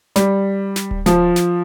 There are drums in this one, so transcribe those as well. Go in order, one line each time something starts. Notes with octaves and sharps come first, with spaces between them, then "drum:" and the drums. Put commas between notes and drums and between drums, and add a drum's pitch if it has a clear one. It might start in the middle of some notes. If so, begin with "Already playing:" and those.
G3, drum: snare
drum: snare
drum: kick D1
F3, drum: snare
drum: snare